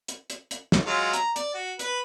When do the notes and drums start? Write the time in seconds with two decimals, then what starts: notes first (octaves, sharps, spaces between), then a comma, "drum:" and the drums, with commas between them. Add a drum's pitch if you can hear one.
0.08 drum: hi-hat
0.30 drum: hi-hat
0.51 drum: hi-hat
0.72 drum: snare
0.86 F#3 G#3 F4
1.13 A#5, drum: hi-hat
1.36 D5, drum: hi-hat
1.54 F#4
1.79 B4, drum: hi-hat